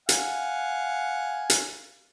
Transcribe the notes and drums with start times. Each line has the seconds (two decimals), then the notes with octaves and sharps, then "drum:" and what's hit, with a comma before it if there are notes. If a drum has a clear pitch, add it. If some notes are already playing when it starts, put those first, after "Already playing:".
0.09 F5 F#5 G#5, drum: hi-hat
1.50 drum: hi-hat